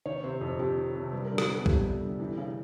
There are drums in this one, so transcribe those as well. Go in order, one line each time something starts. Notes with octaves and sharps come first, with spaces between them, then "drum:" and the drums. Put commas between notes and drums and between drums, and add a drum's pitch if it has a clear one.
D#3 C#5
C3 C5
F2
F2 G4
D#3
C3
G3 B4
A#4
D3
A4, drum: rim click
B3 G#4
F2 G4, drum: kick
G3
D3
E3
C#3